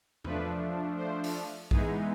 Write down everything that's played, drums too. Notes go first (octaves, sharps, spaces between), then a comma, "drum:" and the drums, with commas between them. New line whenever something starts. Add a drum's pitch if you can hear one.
F3 A3 D4 B4, drum: tom E2
C5
drum: open hi-hat
E3 G#3 B3 D#4 G#4, drum: kick A#1